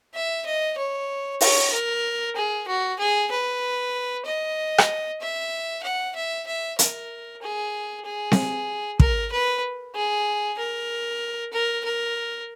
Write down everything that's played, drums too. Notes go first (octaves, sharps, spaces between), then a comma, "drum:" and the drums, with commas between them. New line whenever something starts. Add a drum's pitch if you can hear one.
E5
D#5
C#5
C#5, drum: open hi-hat
A#4
G#4
F#4
G#4
B4
D#5
drum: rim click
E5
F#5
E5
E5
A#4, drum: hi-hat
G#4
G#4
drum: snare C4
A#4, drum: kick
B4
G#4
A#4
A#4
A#4